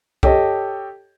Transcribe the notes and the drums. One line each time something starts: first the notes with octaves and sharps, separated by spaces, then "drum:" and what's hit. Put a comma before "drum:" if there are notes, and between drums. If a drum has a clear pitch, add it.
G4 A4 C#5 D#5 A5, drum: kick C2